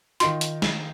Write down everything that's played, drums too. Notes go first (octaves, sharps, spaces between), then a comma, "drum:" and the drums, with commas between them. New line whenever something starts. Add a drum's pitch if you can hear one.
D#3 D#4 F4 C6, drum: hi-hat
drum: hi-hat
drum: snare